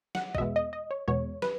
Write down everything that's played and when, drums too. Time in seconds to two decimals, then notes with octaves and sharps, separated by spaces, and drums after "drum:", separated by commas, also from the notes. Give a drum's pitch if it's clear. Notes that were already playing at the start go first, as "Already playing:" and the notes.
0.15 F#5, drum: snare
0.35 D#5, drum: kick A#1
0.38 E2 B2 G#3 B3 E5
0.56 D#5
0.73 D#5
0.91 C#5
1.08 E2 B2 G#3 B3 C#5
1.42 B4, drum: snare